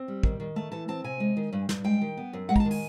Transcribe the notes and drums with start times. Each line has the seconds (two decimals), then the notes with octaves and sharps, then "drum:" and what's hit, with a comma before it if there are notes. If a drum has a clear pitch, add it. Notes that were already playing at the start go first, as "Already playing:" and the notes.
Already playing: C4
0.08 G3
0.23 D#3, drum: kick
0.40 D#3
0.56 A3 A5
0.72 E3 A5
0.88 C4 A5
1.04 C3 G#5
1.20 G#3
1.37 D#3
1.53 G2
1.69 G2, drum: snare
1.84 G#3 G5
2.02 D#3
2.17 B3
2.33 F#2
2.49 G#3 F#5
2.56 A#5, drum: kick
2.60 A5
2.65 D#3
2.71 G#5, drum: open hi-hat